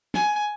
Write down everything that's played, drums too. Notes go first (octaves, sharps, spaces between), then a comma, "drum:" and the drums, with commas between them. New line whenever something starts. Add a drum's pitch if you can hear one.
G#5, drum: snare